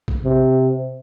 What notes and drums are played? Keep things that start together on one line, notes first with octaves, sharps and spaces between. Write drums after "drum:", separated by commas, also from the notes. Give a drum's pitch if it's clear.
drum: kick
C3